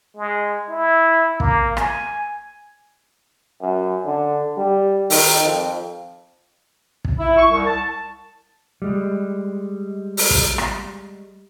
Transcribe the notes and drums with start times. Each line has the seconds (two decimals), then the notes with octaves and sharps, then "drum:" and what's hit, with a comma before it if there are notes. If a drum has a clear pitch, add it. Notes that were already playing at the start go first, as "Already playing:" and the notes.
0.17 G#3
0.70 E4
1.40 A#3, drum: kick
1.77 G#5, drum: rim click
3.62 F#2
4.06 D3
4.57 G3
5.10 D#3, drum: open hi-hat
5.43 F2
7.05 drum: kick
7.18 E4
7.37 C#6
7.49 C2
7.65 A5
8.82 G3 G#3
10.17 drum: open hi-hat
10.30 drum: kick
10.58 drum: rim click